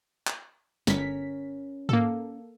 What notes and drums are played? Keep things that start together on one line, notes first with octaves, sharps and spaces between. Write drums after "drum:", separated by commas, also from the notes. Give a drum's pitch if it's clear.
drum: clap
G1 C#4 A#4 B6, drum: snare
A#3 A4, drum: tom G#2